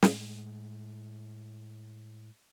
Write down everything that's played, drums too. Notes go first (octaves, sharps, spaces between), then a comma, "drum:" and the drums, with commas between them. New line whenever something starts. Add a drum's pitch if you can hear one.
A2 G#3, drum: snare